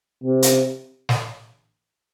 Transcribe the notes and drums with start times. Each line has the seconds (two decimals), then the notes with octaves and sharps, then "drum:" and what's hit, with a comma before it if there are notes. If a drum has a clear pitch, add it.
0.24 C3
0.42 drum: hi-hat
1.09 drum: snare